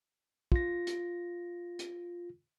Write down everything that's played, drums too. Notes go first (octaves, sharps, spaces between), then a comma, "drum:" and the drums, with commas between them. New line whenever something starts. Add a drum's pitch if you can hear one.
F4 A#6, drum: kick
drum: hi-hat
drum: hi-hat